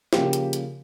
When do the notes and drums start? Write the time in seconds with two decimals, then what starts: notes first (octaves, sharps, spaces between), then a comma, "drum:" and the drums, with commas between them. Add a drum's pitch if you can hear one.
0.13 C#3 F3 A#3 G4, drum: snare
0.33 drum: hi-hat
0.53 drum: hi-hat